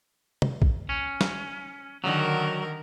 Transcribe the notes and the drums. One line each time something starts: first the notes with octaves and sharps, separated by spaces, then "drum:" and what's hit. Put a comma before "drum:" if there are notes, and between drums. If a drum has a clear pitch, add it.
drum: tom
drum: kick A#1
C#4
drum: snare
D3 D#3 F#3 A#4